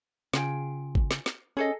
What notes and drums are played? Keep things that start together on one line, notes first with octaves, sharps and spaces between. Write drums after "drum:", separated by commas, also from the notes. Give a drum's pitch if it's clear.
C#3 F4 G#4 G5, drum: snare
drum: kick
drum: snare
drum: snare
C#4 G#4 A4 D#5